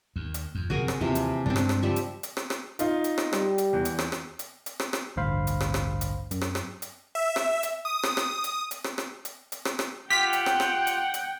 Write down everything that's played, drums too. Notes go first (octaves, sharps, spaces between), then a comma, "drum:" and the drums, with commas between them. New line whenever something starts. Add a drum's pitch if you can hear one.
D#2
drum: hi-hat
F2
F#1 C3 F3 F#4 G#4 A#4
drum: rim click
D#2 C3 E3 F3
drum: hi-hat
G2 C#3 G#3 C4 D4
drum: rim click
drum: rim click
F3 G3 E5
drum: hi-hat
drum: hi-hat
drum: rim click
drum: rim click
D#4 F4, drum: hi-hat
drum: hi-hat
drum: rim click
G3, drum: rim click
drum: hi-hat
E2
drum: hi-hat
drum: rim click
drum: rim click
drum: hi-hat
drum: hi-hat
drum: rim click
drum: rim click
A1 D2 G2 C5 F5 B5
drum: hi-hat
drum: rim click
drum: rim click
drum: hi-hat
F#2, drum: hi-hat
drum: rim click
drum: rim click
drum: hi-hat
E5
drum: rim click
drum: hi-hat
D#6
drum: rim click
drum: rim click
drum: hi-hat
drum: hi-hat
drum: rim click
drum: rim click
drum: hi-hat
drum: hi-hat
drum: rim click
drum: rim click
F4 G4 F#5 G5 B6
drum: hi-hat
drum: rim click
drum: rim click
drum: hi-hat
drum: hi-hat